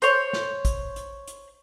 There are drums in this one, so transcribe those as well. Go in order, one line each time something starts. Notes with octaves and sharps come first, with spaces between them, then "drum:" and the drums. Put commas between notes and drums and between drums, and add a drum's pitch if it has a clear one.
C5 C#5, drum: hi-hat
drum: snare
drum: kick, hi-hat
drum: hi-hat
drum: hi-hat